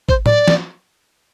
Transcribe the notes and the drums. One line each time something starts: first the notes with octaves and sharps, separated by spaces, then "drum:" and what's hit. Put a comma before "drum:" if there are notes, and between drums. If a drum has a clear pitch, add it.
C5, drum: kick G#1
D5, drum: tom A2
drum: snare